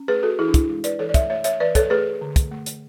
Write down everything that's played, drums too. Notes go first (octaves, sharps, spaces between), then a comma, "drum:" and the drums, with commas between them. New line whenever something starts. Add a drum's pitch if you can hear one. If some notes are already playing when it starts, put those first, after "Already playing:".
Already playing: C#4
A3 G#4 B4
F#4 A4
E3 E4 G#4
D4
E4, drum: kick, hi-hat
G#3
B4 D5, drum: hi-hat
E3 A4 C#5
D5
C#5 E5, drum: kick, hi-hat
A3 C#5 E5
C#5 E5, drum: hi-hat
E3 B4 D5
A4 C#5, drum: kick, hi-hat
A3 G#4 B4
D3
drum: kick, hi-hat
A3
drum: hi-hat